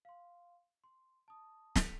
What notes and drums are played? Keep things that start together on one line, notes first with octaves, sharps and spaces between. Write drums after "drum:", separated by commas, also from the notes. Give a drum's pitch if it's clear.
F5 C6
C6
A5 D#6
B6 C#7 D#7 F7, drum: snare